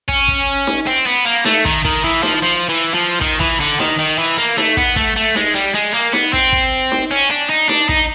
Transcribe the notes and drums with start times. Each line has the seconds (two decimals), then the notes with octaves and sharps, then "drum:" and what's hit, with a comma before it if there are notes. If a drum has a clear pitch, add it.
0.08 C#4, drum: kick
0.28 drum: kick
0.67 drum: snare D#4
0.87 C4
1.06 B3
1.25 A#3
1.45 A3, drum: snare D#4
1.65 D#3, drum: kick
1.85 D#3, drum: kick
2.04 E3
2.23 F3, drum: snare D#4
2.43 F3
2.69 E3
2.94 F3
3.21 D#3, drum: kick
3.40 E3, drum: kick
3.60 D3
3.80 D#3, drum: snare D#4
3.99 D#3
4.18 E3
4.38 A#3
4.58 A3, drum: snare D#4
4.77 B3, drum: kick
4.96 A3, drum: kick
5.16 A3
5.36 G#3, drum: snare D#4
5.55 G3
5.75 G#3
5.94 A#3
6.13 B3, drum: snare D#4
6.33 C4, drum: kick
6.53 drum: kick
6.92 drum: snare D#4
7.11 C#4
7.31 D4
7.50 D#4
7.69 D4, drum: snare D#4
7.89 D#4, drum: kick